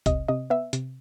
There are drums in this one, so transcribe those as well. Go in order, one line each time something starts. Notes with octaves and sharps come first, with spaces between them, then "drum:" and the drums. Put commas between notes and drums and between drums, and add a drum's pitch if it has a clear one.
C3 D#5, drum: kick B1, hi-hat
C3 D#5
B3 E5
C3, drum: hi-hat